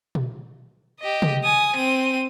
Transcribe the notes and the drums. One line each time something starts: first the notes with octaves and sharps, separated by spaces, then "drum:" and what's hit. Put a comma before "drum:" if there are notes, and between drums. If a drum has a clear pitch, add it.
drum: tom A#2
G4 D#5
drum: tom C3
G#5 D#6
C4 D#7